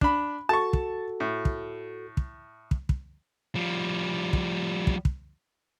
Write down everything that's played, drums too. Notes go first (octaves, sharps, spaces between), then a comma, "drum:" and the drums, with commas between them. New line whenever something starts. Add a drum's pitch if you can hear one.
D4 B5, drum: kick
F#4 A4 A5 C#6
drum: kick
A2
drum: kick
drum: kick
drum: kick
drum: kick
F3 G3
drum: kick
drum: kick
drum: kick